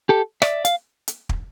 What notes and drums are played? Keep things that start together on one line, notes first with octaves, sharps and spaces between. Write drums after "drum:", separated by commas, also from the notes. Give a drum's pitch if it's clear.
G4 A4
D5 E5, drum: rim click
F5, drum: hi-hat
drum: hi-hat
drum: kick